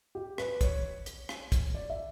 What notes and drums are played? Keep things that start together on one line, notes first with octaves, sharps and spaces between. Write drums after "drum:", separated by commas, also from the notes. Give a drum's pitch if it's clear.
G4
B4, drum: rim click
C#5, drum: kick, hi-hat
drum: hi-hat
drum: rim click
drum: kick, hi-hat
D5
E5